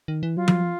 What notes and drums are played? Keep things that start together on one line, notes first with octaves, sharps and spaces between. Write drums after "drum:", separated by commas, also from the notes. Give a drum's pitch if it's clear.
D#3
E3
F#3 F4
drum: tom F3